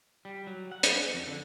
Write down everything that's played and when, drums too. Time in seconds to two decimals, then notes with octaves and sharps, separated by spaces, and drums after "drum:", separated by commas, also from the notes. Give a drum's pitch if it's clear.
0.25 G3
0.47 F#3
0.72 F#5
0.83 drum: hi-hat
1.14 F2
1.27 D3